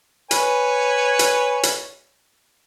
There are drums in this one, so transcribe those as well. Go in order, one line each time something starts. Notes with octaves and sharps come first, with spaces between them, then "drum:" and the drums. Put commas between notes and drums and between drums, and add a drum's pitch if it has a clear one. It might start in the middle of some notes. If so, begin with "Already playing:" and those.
B4 C#5 G#5, drum: hi-hat
drum: hi-hat
drum: hi-hat